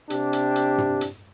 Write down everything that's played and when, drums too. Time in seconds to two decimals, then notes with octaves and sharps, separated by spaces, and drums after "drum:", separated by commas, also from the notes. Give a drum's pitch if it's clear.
0.10 C3 D4 G4, drum: hi-hat
0.33 drum: hi-hat
0.55 drum: hi-hat
0.78 drum: tom
1.01 drum: hi-hat